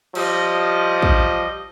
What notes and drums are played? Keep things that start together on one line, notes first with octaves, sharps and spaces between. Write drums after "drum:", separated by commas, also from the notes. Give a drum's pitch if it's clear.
F3 G3 D#5, drum: cymbal
drum: kick